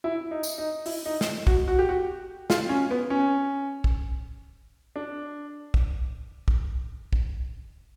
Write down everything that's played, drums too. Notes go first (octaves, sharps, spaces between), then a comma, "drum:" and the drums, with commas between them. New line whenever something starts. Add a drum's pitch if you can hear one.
E4
D#4
drum: tambourine
D#4
E4, drum: open hi-hat
D#4
drum: snare
F#4, drum: kick
F#4
G4
F#4
F4, drum: snare
C#4
B3
C#4
drum: kick
D4
drum: kick
drum: kick
drum: kick